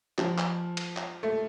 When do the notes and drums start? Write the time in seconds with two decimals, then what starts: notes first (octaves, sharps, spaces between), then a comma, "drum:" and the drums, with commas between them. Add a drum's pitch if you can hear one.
0.18 F3, drum: clap
0.38 drum: clap
0.77 drum: cymbal
0.97 drum: clap
1.23 A3